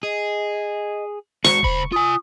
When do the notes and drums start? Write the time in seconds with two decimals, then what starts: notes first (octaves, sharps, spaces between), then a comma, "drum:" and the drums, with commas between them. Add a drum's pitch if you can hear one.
0.03 G#4 D#5
1.44 G#3 F#4 C5 C#6, drum: snare
1.63 C#2 C5 B5, drum: kick E1
1.92 F4 G#5 D#6